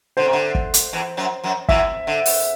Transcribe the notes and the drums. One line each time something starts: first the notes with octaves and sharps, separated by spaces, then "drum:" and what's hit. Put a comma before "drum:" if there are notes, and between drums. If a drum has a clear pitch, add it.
D3 C5
C3
D3
drum: kick
drum: hi-hat
E2 E3
F#2 F#3
F#2 F#3
E2 E3 E5, drum: kick
D3
drum: open hi-hat